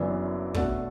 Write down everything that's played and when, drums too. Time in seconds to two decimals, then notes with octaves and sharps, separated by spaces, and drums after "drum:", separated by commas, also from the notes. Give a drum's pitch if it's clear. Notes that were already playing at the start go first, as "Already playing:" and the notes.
Already playing: F#1 F#2 E3 B3 D4
0.54 B2 A3 D4 F#4 A4, drum: kick